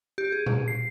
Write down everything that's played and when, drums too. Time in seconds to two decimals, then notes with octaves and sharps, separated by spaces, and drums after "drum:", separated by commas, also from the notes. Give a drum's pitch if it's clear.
0.18 G4
0.32 G#4
0.46 drum: tom A#2
0.68 C7